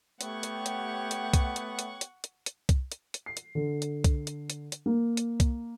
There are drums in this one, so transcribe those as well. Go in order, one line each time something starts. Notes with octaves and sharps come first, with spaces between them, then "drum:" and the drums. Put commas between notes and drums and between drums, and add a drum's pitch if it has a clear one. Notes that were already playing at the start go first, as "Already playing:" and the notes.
A3 B3 G4 C#5 F#5 G5 C#6, drum: hi-hat
drum: hi-hat
drum: hi-hat
drum: hi-hat
drum: kick C2, hi-hat
drum: hi-hat
drum: hi-hat
drum: hi-hat
drum: hi-hat
drum: hi-hat
drum: kick C2, hi-hat
drum: hi-hat
drum: hi-hat
C7
drum: hi-hat
D3
drum: hi-hat
drum: kick C2, hi-hat
drum: hi-hat
drum: hi-hat
drum: hi-hat
A#3
drum: hi-hat
drum: kick C2, hi-hat